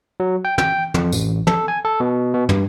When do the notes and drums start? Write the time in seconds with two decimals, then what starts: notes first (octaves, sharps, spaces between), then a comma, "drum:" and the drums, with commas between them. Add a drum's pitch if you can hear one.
0.20 F#3
0.45 G5
0.58 G5, drum: tom
0.94 F2, drum: tom
1.12 A1, drum: tambourine
1.47 A4, drum: tom
1.68 G#5
1.85 A4
2.00 B2
2.34 B2
2.49 G2, drum: tom